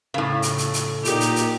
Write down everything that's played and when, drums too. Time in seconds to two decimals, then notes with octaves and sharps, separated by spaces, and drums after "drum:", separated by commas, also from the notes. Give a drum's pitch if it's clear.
0.14 A2 C#3
0.42 drum: hi-hat
0.58 drum: hi-hat
0.74 drum: hi-hat
1.05 A#2 D#4 G4, drum: hi-hat
1.20 drum: hi-hat
1.36 drum: hi-hat